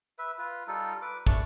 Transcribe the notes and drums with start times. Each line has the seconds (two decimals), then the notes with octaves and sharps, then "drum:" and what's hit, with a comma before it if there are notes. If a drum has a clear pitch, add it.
0.19 B4 E5
0.38 F4 B4
0.68 G3 D#4 F4 A4
1.02 B4 D6
1.27 A3 D4 A5 C#6, drum: kick